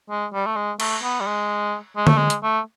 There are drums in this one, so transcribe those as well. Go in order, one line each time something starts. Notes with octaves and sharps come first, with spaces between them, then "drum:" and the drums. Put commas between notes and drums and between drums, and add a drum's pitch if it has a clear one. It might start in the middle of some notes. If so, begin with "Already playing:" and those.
G#3
G3
A3
G#3
A3, drum: cymbal
B3
G3
G#3
G#3
A3, drum: tom D3
G#3
drum: hi-hat
A3